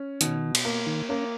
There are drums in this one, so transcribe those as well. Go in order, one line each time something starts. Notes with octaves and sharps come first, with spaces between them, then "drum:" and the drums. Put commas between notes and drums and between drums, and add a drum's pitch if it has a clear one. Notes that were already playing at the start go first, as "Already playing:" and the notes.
Already playing: C#4
B2 D#3, drum: hi-hat
drum: cymbal
A#3
D#3
A#3 C#4